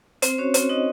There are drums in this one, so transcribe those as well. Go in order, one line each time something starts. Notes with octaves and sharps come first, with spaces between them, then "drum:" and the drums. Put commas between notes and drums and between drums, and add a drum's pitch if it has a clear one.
C4 C5, drum: hi-hat
C#4 F#4 C#5
C4, drum: hi-hat
D#4 F#4 D#5